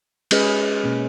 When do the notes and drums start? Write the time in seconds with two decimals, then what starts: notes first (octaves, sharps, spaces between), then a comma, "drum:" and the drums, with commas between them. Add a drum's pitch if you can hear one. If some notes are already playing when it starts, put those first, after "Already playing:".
0.31 G#3 C#4 G#4 B4 D#5, drum: cymbal
0.84 B2 A#3 C#4